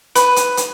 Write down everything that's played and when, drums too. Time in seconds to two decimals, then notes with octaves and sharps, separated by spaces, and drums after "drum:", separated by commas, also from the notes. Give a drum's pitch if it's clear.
0.15 B4, drum: hi-hat
0.36 drum: hi-hat
0.57 drum: hi-hat